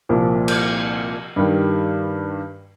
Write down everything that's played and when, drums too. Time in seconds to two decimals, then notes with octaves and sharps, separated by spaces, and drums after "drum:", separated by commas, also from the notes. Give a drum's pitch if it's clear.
0.09 C2 A#2 F3
0.48 drum: cymbal
1.36 G2 D#3 G3